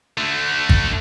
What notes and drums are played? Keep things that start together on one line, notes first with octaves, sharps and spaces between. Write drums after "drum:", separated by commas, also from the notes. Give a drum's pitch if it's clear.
D3 A3
drum: kick G#1